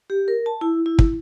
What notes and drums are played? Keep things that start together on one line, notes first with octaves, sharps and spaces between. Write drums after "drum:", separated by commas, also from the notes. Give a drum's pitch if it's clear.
G4
A#4
A5
E4
E4
drum: kick